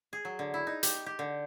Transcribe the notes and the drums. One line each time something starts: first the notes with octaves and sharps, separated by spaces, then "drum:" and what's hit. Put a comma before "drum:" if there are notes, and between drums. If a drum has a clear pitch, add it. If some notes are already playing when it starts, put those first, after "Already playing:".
G#4
F#3
D3
E4
D#4
G4, drum: hi-hat
G4
D3